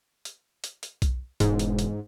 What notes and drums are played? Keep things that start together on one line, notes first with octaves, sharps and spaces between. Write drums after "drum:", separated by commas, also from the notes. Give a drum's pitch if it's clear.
drum: hi-hat
drum: hi-hat
drum: hi-hat
drum: kick B1, hi-hat
E1 G#2, drum: hi-hat
drum: hi-hat
drum: hi-hat